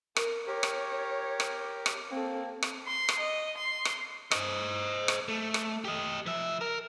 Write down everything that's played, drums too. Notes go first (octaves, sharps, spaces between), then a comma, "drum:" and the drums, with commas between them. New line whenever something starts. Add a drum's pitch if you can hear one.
A#4, drum: rim click
G4 A#4 C#5
drum: rim click
drum: rim click
drum: rim click
A#3 C4 A4
drum: rim click
C6
drum: rim click
D#5
C6
drum: rim click
C5 D#5, drum: rim click
drum: rim click
A3
drum: rim click
G4 D#5
F3 E5
A#4